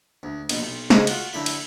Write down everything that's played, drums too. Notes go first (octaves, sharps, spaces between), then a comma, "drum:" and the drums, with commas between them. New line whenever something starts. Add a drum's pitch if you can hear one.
D2
A#1 B2, drum: cymbal
B1
C#3 G#3 D#4 C5, drum: snare
F4 F#4, drum: cymbal
F#2 D3 A3 E4 B5
drum: cymbal